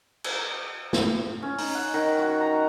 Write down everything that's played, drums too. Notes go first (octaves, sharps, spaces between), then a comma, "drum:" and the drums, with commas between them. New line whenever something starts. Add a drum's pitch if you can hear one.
drum: cymbal
drum: snare
C#4
D#4, drum: open hi-hat
F#5
D#3
F#4
A#5